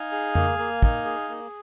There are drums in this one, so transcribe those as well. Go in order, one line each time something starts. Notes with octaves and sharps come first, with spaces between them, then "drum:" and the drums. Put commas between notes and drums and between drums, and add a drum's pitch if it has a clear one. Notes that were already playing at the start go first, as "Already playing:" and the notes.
Already playing: D#4 F5 G#5
G#4
A#3, drum: tom F2
A#3
D#4, drum: kick
G#4
A#3